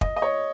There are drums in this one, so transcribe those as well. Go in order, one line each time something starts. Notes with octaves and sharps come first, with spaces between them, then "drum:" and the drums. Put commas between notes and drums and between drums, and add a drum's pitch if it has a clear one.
D#5, drum: kick
D#5
C#5